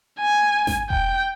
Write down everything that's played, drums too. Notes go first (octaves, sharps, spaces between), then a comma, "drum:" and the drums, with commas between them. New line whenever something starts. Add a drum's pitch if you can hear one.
G#5
drum: snare G#1
G5, drum: kick E1